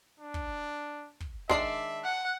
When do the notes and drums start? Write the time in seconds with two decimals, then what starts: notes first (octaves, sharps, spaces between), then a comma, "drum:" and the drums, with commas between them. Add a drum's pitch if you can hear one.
0.20 D4
0.34 drum: kick
1.20 drum: kick
1.49 D#3 G#3 D4 D5 E5 A5 C6, drum: kick
2.04 F#5